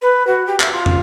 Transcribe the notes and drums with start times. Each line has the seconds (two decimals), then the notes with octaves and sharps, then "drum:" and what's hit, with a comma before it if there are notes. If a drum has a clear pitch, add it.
0.02 B4
0.27 F#4
0.46 G4
0.60 E5, drum: clap
0.72 F4
0.86 drum: tom